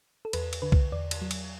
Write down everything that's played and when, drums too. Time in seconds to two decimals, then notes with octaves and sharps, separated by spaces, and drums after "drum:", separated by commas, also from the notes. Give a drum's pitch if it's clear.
0.25 A4
0.33 E2 B4, drum: cymbal
0.53 drum: cymbal
0.62 D3 B4
0.72 drum: kick C2
0.92 E2 D5
1.11 drum: cymbal
1.22 F#3
1.31 drum: cymbal